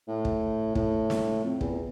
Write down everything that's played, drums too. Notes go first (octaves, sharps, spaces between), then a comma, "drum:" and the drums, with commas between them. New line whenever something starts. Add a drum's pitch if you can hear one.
A2
drum: kick
A2, drum: kick
drum: snare
F2
E2, drum: kick